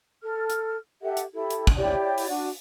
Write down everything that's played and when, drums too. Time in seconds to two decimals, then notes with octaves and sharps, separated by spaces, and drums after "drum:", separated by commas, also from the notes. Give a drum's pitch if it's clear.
0.24 A4 F6
0.50 drum: hi-hat
1.02 G4 A4 E5 F#5
1.17 drum: hi-hat
1.34 E4 G4 A4
1.50 drum: hi-hat
1.67 drum: kick
1.77 E4 G4 C#5 D5
2.18 drum: open hi-hat
2.28 D4 F#4